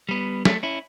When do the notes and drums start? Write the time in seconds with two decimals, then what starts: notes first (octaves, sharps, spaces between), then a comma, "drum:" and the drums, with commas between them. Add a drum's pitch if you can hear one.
0.09 G3 B3
0.45 A3, drum: snare
0.63 C#4 E4